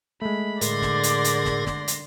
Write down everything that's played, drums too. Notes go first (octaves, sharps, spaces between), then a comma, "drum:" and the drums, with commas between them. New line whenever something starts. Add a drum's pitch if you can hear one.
G#3 A3 B5
A2 D3 G#4 A#4 D5 C6 A#6, drum: hi-hat
drum: snare
drum: hi-hat
drum: hi-hat
drum: snare
drum: snare
drum: hi-hat